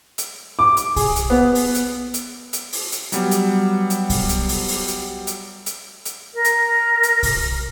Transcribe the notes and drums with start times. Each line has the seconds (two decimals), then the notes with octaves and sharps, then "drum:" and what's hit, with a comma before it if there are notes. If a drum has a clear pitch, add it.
0.18 drum: hi-hat
0.59 D6
0.77 drum: hi-hat
0.96 G#4, drum: kick, open hi-hat
1.16 drum: hi-hat
1.30 B3
1.55 drum: open hi-hat
1.75 drum: hi-hat
2.14 drum: hi-hat
2.53 drum: hi-hat
2.72 drum: open hi-hat
2.92 drum: hi-hat
3.12 F#3 G3 B3, drum: hi-hat
3.31 drum: hi-hat
3.90 drum: hi-hat
4.10 drum: kick, open hi-hat
4.29 drum: hi-hat
4.49 drum: open hi-hat
4.68 drum: open hi-hat
4.88 drum: hi-hat
5.27 drum: hi-hat
5.66 drum: hi-hat
6.05 drum: hi-hat
6.34 A#4
6.44 drum: hi-hat
7.03 drum: hi-hat
7.23 drum: kick, open hi-hat